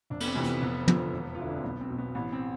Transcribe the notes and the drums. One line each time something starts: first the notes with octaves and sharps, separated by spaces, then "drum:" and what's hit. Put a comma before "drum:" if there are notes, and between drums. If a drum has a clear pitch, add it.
F1 D4
B3, drum: cymbal
C4
F2 C3 E3
B3, drum: hi-hat
F1 B3
F2 D3 F3, drum: tom
E1
F4
D2 D3 E4
D4
C4
B1 B3
C4
B2
B3
A1 B3
C4